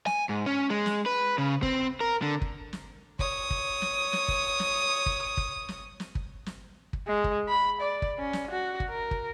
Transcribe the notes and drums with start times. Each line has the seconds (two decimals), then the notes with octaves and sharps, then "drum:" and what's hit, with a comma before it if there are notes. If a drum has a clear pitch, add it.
0.06 G#5, drum: snare
0.29 G#2
0.46 C#4
0.70 G#3
0.86 drum: snare
1.06 B4
1.38 C#3
1.63 C4, drum: kick
2.01 A#4
2.22 D3
2.42 drum: kick
2.73 drum: snare
3.19 C#5 D#6, drum: kick
3.51 drum: kick
3.82 drum: snare
4.13 drum: snare
4.28 drum: kick
4.60 drum: snare
5.06 drum: kick
5.37 drum: kick
5.69 drum: snare
6.00 drum: snare
6.15 drum: kick
6.46 drum: snare
6.93 drum: kick
7.07 G#3
7.24 drum: kick
7.49 B5
7.81 D5
8.02 drum: kick
8.18 C#4
8.33 drum: snare
8.51 F#4
8.80 drum: kick
8.89 A#4
9.11 drum: kick